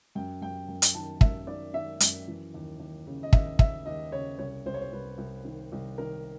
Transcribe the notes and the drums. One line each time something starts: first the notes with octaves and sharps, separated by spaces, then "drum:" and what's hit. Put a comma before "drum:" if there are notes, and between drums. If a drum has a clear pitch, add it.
F#2 G5
F#2 G5
F#2
drum: hi-hat
D#3 A5
F#2 E5, drum: kick
D#3 D5
D#3 E5
F#2, drum: hi-hat
E3
D#2
D#2
C#3
D#5
D#2 E5, drum: kick
C#3 E5, drum: kick
D#2 D#5
C#3 C#5
C2 C#5
C2 C5
C#5
C5
C2 B4
C2
D#3
C2
D#3 A#4